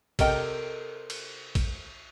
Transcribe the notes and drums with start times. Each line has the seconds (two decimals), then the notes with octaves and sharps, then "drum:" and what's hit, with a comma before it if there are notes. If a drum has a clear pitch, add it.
0.19 C3 A4 A#4 D#5 G5, drum: kick A#1, cymbal
1.10 drum: cymbal
1.55 drum: kick A#1, cymbal